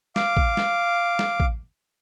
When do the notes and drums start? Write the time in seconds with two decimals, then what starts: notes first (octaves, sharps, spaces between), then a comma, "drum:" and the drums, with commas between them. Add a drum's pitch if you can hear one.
0.16 F5 D6, drum: snare
0.37 drum: kick A1
0.57 drum: snare
1.19 drum: snare
1.40 drum: kick A1